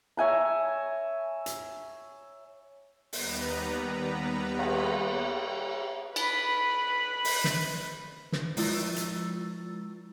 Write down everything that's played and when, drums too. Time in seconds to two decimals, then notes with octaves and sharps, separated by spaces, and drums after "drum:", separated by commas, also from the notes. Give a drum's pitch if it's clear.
0.17 C#5 E5 G#5 A#5
1.46 drum: hi-hat
3.13 D#2 G3 B3 B4 A#5, drum: open hi-hat
4.59 drum: cymbal
6.16 B4 B5, drum: cymbal
7.25 drum: open hi-hat
7.44 drum: snare
8.32 drum: snare
8.57 F3 G#3 E4 F4 E6 A6, drum: open hi-hat
8.96 drum: hi-hat